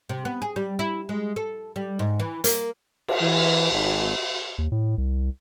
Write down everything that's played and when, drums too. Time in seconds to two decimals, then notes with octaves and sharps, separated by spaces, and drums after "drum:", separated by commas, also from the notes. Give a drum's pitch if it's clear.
0.09 C3
0.25 B3
0.42 G#4
0.56 G3
0.79 E4
1.09 G#3
1.36 A4
1.76 G3
1.99 G#2
2.20 E3
2.44 A#3, drum: hi-hat
3.08 drum: cymbal
3.21 E3
3.71 G#1
4.58 D#2
4.72 A2
4.98 C2